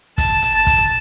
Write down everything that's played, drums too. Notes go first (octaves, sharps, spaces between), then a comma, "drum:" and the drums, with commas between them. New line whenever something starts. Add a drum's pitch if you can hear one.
A5, drum: kick, hi-hat
drum: hi-hat
A5
drum: kick, hi-hat